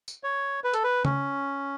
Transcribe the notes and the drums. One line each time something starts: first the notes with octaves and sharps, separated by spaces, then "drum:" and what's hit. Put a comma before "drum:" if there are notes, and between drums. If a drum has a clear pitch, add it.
drum: tambourine
C#5
B4
A4, drum: hi-hat
B4
C#4, drum: tom C#3